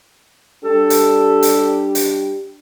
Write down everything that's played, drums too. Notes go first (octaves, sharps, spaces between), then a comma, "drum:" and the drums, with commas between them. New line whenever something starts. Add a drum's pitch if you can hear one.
G3 D4 G4 A4
drum: hi-hat
drum: hi-hat
drum: hi-hat